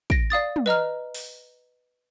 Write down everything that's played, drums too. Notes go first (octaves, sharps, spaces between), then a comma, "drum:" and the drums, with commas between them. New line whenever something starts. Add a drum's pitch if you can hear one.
A#6 D7, drum: kick
D5 F5 D#6 A6
drum: tom
B4 D#5 A#5 F6
drum: open hi-hat